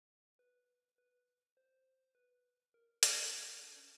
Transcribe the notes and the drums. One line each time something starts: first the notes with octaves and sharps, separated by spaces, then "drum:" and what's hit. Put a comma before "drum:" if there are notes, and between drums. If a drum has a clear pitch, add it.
B4
B4
C5
B4
A#4
F#4, drum: hi-hat
D4
C#4